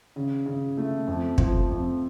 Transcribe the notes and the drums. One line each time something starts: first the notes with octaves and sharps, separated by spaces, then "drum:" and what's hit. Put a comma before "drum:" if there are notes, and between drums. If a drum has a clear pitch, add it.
C#3
C#3
A3
F2
F3, drum: kick
F2